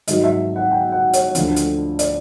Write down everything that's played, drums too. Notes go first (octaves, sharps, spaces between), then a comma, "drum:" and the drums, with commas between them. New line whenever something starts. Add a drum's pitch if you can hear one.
G#2 D#3 F#3 D#5, drum: hi-hat
E5
F#5
G5
F#5
C#5, drum: hi-hat
D2 D3 F3, drum: hi-hat
drum: hi-hat
D5, drum: hi-hat